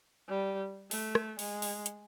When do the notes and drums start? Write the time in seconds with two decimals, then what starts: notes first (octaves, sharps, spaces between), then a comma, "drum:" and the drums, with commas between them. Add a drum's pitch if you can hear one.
0.29 G3
0.91 A3, drum: open hi-hat
1.15 drum: rim click
1.39 G#3, drum: open hi-hat
1.62 drum: open hi-hat
1.86 drum: hi-hat